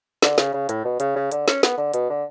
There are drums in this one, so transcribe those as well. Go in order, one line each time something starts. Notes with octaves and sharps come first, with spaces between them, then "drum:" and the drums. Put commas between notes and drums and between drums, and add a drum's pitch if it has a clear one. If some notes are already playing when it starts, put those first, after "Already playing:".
D3, drum: snare
C#3, drum: snare
C#3
A2, drum: hi-hat
B2
C#3, drum: hi-hat
C#3
D3, drum: hi-hat
C#4, drum: snare
B3, drum: snare
D3
B2, drum: hi-hat
D3